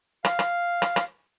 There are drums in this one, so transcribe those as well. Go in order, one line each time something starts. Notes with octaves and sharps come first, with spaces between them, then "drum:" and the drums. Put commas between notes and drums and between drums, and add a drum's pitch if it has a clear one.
F5, drum: rim click
drum: rim click
drum: rim click
drum: rim click